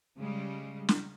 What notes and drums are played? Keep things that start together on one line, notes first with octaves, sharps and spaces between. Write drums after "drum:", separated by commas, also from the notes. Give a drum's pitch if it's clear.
C#3 G3 G#3
drum: snare